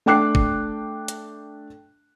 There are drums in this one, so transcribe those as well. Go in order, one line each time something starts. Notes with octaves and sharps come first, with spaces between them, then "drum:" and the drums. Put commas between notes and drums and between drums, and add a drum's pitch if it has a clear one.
A3 D4 G5 D6 F#6 C7
drum: kick F#1
drum: hi-hat